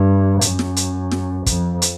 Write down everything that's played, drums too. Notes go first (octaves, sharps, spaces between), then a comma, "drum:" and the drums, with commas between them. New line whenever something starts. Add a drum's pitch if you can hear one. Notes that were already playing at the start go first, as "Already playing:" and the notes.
Already playing: G2
F#2, drum: hi-hat
drum: snare
drum: hi-hat
drum: snare
F2, drum: kick, hi-hat
drum: hi-hat